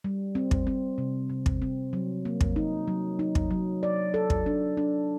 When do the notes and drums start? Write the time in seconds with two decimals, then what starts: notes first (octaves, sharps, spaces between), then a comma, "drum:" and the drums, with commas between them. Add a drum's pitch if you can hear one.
0.04 G3
0.35 C4
0.51 drum: kick
0.67 C4
0.98 C3
1.30 C3
1.46 drum: kick
1.62 C4
1.93 F#3
2.25 A#3
2.41 drum: kick
2.56 D#4
2.88 F#3
3.19 D#4
3.35 drum: kick
3.51 F#3
3.83 D5
4.14 A4
4.30 drum: kick
4.46 D4
4.77 D4